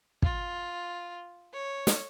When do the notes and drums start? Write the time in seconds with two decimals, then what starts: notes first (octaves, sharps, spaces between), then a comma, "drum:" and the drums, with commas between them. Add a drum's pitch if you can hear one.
0.22 F4, drum: kick
1.53 C#5
1.87 drum: snare